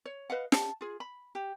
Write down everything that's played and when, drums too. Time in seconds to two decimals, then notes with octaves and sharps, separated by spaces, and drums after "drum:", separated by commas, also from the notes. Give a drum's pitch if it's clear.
0.05 C#5
0.30 B4 D#5 F5 F#5
0.52 A5, drum: snare
0.81 F4 G#4
1.00 B5
1.35 G4